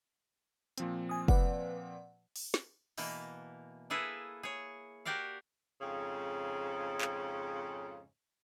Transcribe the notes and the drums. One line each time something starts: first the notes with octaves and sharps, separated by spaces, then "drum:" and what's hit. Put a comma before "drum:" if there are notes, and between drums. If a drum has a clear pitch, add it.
A#2 F3 C4, drum: hi-hat
G#5 D#6
B4 D5 F#5, drum: kick
drum: open hi-hat
drum: snare
B2 E3 A#3, drum: open hi-hat
A#3 E4 G#4 A4 B4
G#4 C#5
F#4 G4 A#4 D5 F5
F2 G#2 C#3
drum: clap